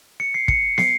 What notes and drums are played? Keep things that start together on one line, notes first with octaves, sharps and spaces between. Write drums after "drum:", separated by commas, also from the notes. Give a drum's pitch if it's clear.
C#7
C7
C#7, drum: kick
C7, drum: snare